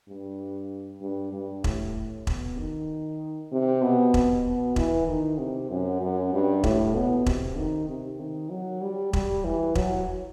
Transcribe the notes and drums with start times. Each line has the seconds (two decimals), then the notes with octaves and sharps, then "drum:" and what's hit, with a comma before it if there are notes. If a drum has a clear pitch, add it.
0.09 G2
1.01 G2
1.33 G2
1.64 A2, drum: kick E1
2.27 B2, drum: kick E1
2.58 D#3
3.52 C3
3.83 B2
4.14 drum: kick E1
4.45 B2
4.76 E3, drum: kick E1
5.08 D#3
5.38 C3
5.70 F#2
6.01 F#2
6.33 G2
6.64 A2, drum: kick E1
6.94 B2
7.26 C3, drum: kick E1
7.57 D#3
7.89 C3
8.20 D#3
8.51 F#3
8.82 G3
9.13 G3, drum: kick E1
9.44 E3
9.75 F#3, drum: kick E1